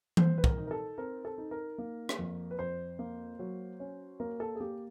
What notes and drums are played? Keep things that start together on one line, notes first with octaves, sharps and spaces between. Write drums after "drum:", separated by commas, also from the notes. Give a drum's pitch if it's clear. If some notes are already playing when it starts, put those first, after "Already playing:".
C4 C5, drum: tom E3
B4
A#4, drum: kick
D#4
A#4
A4
C4 A#4
A4
D#4
A#4
A#3
drum: rim click
F2
B4
F2 C5
A#3
F#3
C#4
A#3 A#4
A4
G#4
A#3 G4